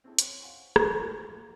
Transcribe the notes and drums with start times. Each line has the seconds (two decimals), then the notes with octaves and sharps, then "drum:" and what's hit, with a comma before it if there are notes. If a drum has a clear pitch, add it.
0.04 C4 C#4 E4 G#4 A4
0.19 C5 C#5 G5 C#6 F#6, drum: hi-hat
0.41 F5 F#5 G#5 C6 C#6
0.76 drum: rim click
1.00 C#6 D6 F6 G6
1.28 A#1